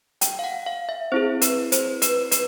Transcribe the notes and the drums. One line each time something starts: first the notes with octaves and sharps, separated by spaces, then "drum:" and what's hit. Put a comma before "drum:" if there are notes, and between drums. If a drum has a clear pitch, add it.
G5, drum: hi-hat
F5
F#5
F5
E5
C4 E4 G#4 C5
B4, drum: hi-hat
C5, drum: hi-hat
B4, drum: hi-hat
B4, drum: hi-hat